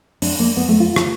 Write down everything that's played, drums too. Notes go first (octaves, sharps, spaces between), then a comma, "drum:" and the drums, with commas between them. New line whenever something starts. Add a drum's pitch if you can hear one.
D4, drum: open hi-hat
A#3
B3
A3
F4
F4, drum: rim click